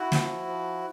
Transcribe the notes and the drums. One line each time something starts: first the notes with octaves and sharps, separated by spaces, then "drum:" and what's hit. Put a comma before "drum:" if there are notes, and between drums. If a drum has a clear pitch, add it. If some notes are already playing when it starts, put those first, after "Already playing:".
Already playing: E4 F#4
F3, drum: snare
F3